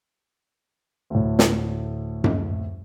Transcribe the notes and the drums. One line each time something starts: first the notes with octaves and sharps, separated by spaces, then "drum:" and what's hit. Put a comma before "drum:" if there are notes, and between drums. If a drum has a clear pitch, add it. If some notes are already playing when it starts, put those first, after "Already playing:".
D2 A2
drum: snare
drum: tom F#2